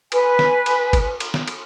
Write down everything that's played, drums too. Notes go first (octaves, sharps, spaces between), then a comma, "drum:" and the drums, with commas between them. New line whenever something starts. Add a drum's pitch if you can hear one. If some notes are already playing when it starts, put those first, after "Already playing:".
B4 G#5, drum: cymbal
drum: snare
drum: cymbal
drum: kick G1, cymbal
drum: cymbal
drum: snare
drum: cymbal